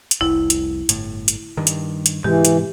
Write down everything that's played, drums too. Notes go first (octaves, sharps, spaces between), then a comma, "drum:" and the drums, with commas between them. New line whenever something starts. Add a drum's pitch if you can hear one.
drum: hi-hat
F1 C2 E4
drum: hi-hat
G1 A2, drum: hi-hat
drum: hi-hat
G2 D#3
drum: hi-hat
drum: hi-hat
G#2 C3 E3 G#3 G4
drum: hi-hat